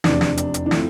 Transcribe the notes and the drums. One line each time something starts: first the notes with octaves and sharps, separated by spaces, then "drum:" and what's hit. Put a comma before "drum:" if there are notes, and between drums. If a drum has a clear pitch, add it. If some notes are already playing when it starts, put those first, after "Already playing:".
F1 E2 C3 D4, drum: snare
drum: snare
drum: hi-hat
drum: hi-hat
D4
F3 A3 C4 E4, drum: snare